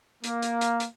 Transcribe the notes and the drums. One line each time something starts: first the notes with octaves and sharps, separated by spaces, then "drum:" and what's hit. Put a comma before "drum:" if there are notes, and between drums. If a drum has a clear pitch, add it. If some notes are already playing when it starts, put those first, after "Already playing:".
A#3, drum: hi-hat
drum: hi-hat
drum: hi-hat
drum: hi-hat